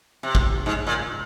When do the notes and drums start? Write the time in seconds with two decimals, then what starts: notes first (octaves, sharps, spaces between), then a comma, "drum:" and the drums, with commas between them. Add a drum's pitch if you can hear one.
0.23 C3
0.35 drum: kick
0.66 G#2
0.87 A#2